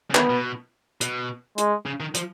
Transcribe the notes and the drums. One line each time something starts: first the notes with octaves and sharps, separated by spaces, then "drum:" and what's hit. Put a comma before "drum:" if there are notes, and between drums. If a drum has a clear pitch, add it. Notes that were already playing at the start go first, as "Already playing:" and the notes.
C#3
D#3 B3, drum: clap
B2
B2, drum: hi-hat
G#3, drum: hi-hat
C#3
D#3
F3, drum: hi-hat